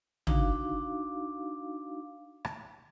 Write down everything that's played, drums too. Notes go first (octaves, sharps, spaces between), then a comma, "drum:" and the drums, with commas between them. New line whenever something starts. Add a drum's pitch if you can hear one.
D4 D#4 F#4 F5 D6, drum: tom
drum: rim click